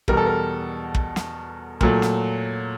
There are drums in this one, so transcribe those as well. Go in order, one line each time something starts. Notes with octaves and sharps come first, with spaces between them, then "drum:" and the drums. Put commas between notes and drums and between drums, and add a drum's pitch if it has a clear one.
E2 B2 G3 A#4, drum: kick
A4
A#4
drum: kick
drum: snare
A#2 F#3 A3, drum: kick
drum: snare